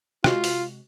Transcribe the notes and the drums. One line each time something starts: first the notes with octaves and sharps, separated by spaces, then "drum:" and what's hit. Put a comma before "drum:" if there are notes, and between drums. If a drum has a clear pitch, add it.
C3 G#3 F4 F#4, drum: rim click
drum: open hi-hat